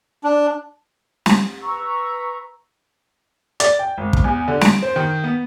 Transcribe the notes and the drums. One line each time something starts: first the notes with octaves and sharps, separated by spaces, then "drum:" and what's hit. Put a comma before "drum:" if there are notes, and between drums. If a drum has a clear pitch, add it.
D4
drum: snare
B4 A#5 C#6 E6
D5, drum: hi-hat
G5
G#1
drum: kick
E2
D3
D7, drum: snare
C5
D#3
B3